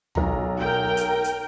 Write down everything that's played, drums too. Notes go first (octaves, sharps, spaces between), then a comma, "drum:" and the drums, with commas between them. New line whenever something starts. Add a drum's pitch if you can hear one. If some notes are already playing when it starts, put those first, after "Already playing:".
B1 A#5, drum: tom
A#4 G5
drum: hi-hat
drum: hi-hat